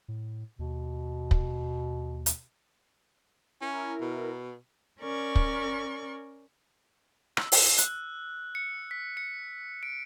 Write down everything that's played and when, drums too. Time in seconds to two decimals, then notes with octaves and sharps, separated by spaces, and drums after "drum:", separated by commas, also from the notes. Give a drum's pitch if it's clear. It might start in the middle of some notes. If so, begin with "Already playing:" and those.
0.08 A2
0.59 D#2 B2
1.31 drum: kick
2.26 drum: hi-hat
3.61 C#4 E4 A#4
4.01 B2
5.01 C#4 A#4 D5 C#6
5.35 drum: kick
7.37 E6, drum: rim click
7.52 drum: open hi-hat
7.78 F#6, drum: hi-hat
8.55 C#7
8.91 B6
9.17 C#7
9.83 D7